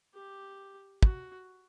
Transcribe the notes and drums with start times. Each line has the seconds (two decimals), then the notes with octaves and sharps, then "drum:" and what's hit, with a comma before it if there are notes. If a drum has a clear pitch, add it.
0.14 G4
1.03 F#4, drum: kick